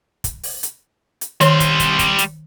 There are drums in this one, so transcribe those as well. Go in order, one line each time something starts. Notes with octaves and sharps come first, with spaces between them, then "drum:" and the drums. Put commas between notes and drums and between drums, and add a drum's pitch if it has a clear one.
drum: kick, hi-hat
drum: open hi-hat
drum: hi-hat
drum: hi-hat
D#3 G3 C#5 C6, drum: hi-hat
drum: kick, hi-hat
drum: kick, hi-hat
drum: kick, hi-hat
drum: hi-hat